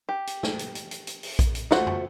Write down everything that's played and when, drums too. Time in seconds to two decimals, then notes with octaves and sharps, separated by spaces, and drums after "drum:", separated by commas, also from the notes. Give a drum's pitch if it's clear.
0.09 G4
0.27 drum: hi-hat
0.43 drum: snare
0.59 drum: hi-hat
0.75 drum: hi-hat
0.91 drum: hi-hat
1.07 drum: hi-hat
1.23 drum: open hi-hat
1.39 drum: kick A#1, hi-hat
1.55 drum: hi-hat
1.71 A3 F4 F#4 C5 F#5, drum: snare
1.87 drum: tom